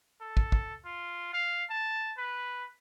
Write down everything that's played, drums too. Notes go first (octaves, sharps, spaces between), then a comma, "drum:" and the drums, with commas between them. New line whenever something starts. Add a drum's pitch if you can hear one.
A4
drum: kick
drum: kick
F4
F5
A5
B4